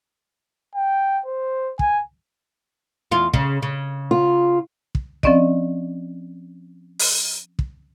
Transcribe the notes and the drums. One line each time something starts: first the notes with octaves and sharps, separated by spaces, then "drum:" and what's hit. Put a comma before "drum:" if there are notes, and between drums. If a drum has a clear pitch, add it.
G5
C5
G#5, drum: kick
E2 F4
C#3, drum: kick
C#3
F4
drum: kick
F3 C4 C#4 D5 D#5, drum: kick
drum: open hi-hat
drum: kick